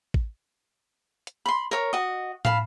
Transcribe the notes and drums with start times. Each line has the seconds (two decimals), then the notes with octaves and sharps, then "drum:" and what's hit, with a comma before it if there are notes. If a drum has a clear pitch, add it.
0.14 drum: kick A1
1.27 drum: hi-hat
1.46 B5 C6
1.71 A#4 C#5
1.93 F#4 D#5
2.45 F5 A5 B5, drum: tom